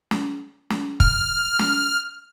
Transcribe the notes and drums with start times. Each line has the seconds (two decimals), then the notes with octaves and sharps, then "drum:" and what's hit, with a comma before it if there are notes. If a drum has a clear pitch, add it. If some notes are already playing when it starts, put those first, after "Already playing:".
0.11 drum: snare
0.70 drum: snare
1.00 F6, drum: kick
1.59 drum: snare